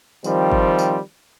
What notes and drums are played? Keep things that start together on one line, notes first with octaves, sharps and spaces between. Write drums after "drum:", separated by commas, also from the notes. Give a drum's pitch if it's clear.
D#3 F3 G3 C4, drum: tambourine
drum: kick G1
drum: tambourine